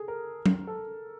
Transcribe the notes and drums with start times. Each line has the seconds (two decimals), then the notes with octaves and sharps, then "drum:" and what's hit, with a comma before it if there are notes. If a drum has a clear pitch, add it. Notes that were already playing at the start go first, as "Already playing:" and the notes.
Already playing: G#4 A4
0.08 A#4
0.46 drum: tom
0.67 A4